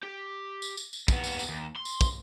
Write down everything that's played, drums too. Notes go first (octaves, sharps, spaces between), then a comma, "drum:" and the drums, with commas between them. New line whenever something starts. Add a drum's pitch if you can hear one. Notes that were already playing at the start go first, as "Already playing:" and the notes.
G4
drum: tambourine
drum: tambourine
drum: tambourine
D#2 B3, drum: kick, tambourine
drum: tambourine
drum: tambourine
D#2
C6
drum: tambourine
drum: kick, tambourine